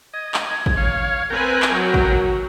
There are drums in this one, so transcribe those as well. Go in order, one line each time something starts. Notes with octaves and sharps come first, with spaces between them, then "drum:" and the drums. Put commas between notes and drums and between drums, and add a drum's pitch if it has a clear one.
D#5 G#6
drum: clap
drum: kick A1
C#5 F5
C4 A#4 B4 G5 G#5
drum: clap
F#3 F#4
drum: kick A1